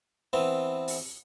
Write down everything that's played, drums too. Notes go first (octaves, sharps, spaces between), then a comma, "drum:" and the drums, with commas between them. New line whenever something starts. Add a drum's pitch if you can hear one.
E3 B3 C4
drum: open hi-hat